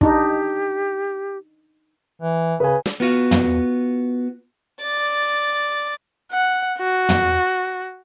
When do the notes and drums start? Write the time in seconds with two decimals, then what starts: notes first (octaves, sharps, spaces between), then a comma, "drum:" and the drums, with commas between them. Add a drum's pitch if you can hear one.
0.01 D4 D#4 G4, drum: kick
2.22 E3
2.60 C#3 B4 G#5
2.86 drum: snare
3.00 B3 F4 F#4 F5
3.31 drum: tom
4.82 D5 A6
6.32 F#5
6.79 F#4
7.09 drum: tom